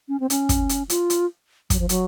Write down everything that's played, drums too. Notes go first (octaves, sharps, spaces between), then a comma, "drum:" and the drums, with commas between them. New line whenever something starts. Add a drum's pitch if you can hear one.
C#4
C4
C#4, drum: hi-hat
drum: kick, hi-hat
drum: hi-hat
F4, drum: hi-hat
drum: hi-hat
F#3, drum: kick, hi-hat
F3
F#3, drum: hi-hat